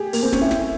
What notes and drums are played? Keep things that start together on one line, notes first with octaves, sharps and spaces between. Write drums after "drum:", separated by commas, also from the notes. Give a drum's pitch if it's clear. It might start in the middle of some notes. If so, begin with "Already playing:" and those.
Already playing: G4 G#4
A#3, drum: open hi-hat
C4
C#4, drum: snare
E4
drum: snare